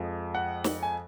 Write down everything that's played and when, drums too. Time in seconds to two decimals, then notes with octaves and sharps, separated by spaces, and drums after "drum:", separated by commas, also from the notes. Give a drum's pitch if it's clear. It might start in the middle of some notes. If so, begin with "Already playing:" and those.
Already playing: F2 F3 G#3
0.35 F#5
0.64 drum: snare
0.83 G#5